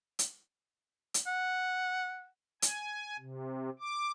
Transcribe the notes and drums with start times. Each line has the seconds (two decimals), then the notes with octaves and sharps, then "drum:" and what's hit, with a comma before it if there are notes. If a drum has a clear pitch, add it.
0.19 drum: hi-hat
1.14 drum: hi-hat
1.26 F#5
2.62 G#5, drum: hi-hat
3.19 C3
3.79 D6